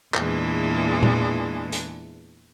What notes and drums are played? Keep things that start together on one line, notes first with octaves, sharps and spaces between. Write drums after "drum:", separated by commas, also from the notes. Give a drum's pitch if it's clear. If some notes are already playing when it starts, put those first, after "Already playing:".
E2 A#2 E3 G#3 D4, drum: clap
drum: tom A#2
drum: hi-hat